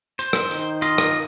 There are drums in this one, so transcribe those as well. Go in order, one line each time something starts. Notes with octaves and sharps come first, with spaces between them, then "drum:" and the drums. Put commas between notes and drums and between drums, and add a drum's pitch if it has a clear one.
C5, drum: hi-hat
drum: rim click
D#3, drum: hi-hat
F4 D#5, drum: hi-hat
drum: rim click